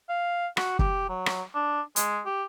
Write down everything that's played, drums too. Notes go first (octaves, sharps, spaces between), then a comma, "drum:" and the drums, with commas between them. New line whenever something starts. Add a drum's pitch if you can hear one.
F5
F#4, drum: rim click
G4, drum: kick
F#3
drum: rim click
D4
G#3, drum: hi-hat
G4